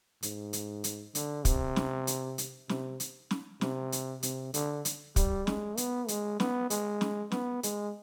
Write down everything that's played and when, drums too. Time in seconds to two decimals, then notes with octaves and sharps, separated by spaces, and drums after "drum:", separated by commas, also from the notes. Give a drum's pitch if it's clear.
0.23 G#2, drum: hi-hat
0.53 drum: hi-hat
0.84 drum: hi-hat
1.15 D3, drum: hi-hat
1.45 C3, drum: kick, hi-hat
1.76 drum: snare
2.07 drum: hi-hat
2.38 drum: hi-hat
2.69 C3, drum: snare
3.00 drum: hi-hat
3.31 drum: snare
3.61 C3, drum: snare
3.92 drum: hi-hat
4.23 C3, drum: hi-hat
4.54 D3, drum: hi-hat
4.85 drum: hi-hat
5.16 G3, drum: kick, hi-hat
5.47 G#3, drum: snare
5.77 B3, drum: hi-hat
6.08 G#3, drum: hi-hat
6.40 B3, drum: snare
6.70 G#3, drum: hi-hat
7.01 drum: snare
7.32 B3, drum: snare
7.63 G#3, drum: hi-hat